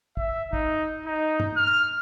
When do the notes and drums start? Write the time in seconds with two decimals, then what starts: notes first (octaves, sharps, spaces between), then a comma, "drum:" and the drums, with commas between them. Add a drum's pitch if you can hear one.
0.17 E5, drum: kick
0.53 D#4, drum: kick
1.06 D#4
1.40 drum: tom
1.57 F6